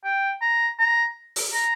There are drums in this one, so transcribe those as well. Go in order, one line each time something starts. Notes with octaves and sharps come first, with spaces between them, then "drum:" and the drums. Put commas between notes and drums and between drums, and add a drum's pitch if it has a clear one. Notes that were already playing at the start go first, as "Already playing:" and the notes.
G5
A#5
A#5
drum: open hi-hat
A#5